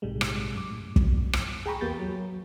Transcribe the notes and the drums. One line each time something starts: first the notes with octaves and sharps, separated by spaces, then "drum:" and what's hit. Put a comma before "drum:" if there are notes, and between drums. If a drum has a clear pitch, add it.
A#1 G#2 C3 G3 G#3
drum: rim click
F#2 D6
A2
drum: kick
drum: rim click
G#4 G5 A#5 B5 C#6
E2 A#3 B3 G4 G6 A6
F#3